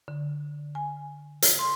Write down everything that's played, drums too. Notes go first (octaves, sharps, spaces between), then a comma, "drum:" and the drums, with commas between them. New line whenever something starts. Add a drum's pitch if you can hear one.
D3
G#5
drum: hi-hat
C6